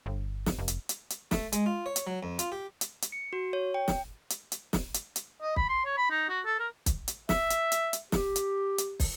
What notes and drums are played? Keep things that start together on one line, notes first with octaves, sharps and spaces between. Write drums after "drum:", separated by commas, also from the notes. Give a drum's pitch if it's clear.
G1
drum: snare
F1
drum: hi-hat
drum: hi-hat
drum: hi-hat
A3, drum: snare
G#3, drum: hi-hat
F4
C#5
drum: hi-hat
F#3
F2
F4, drum: hi-hat
G4
drum: hi-hat
drum: hi-hat
C#7
F#4
C#5
G5
drum: snare
drum: hi-hat
drum: hi-hat
drum: snare
drum: hi-hat
drum: hi-hat
D#5
B5, drum: kick
C6
C#5
B5
D#4
F#4
A4
A#4
drum: kick, hi-hat
drum: hi-hat
E5, drum: snare
drum: hi-hat
drum: hi-hat
drum: hi-hat
G4, drum: snare
drum: hi-hat
drum: hi-hat
drum: kick, open hi-hat